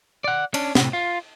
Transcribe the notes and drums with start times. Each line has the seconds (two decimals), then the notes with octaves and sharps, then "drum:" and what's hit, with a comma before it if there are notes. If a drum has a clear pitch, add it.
0.24 D5 F#5
0.54 C#4 D4, drum: cymbal
0.75 A2 C3, drum: snare
0.93 F4